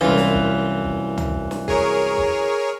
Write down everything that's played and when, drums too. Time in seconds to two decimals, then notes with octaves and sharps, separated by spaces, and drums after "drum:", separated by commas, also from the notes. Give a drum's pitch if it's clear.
0.01 C2 F#2 E3 F4
0.18 drum: snare
0.34 drum: kick
0.84 drum: kick
1.18 drum: tom C#2
1.34 drum: kick
1.51 drum: snare
1.68 G#4 A#4 C#5, drum: kick
2.18 drum: kick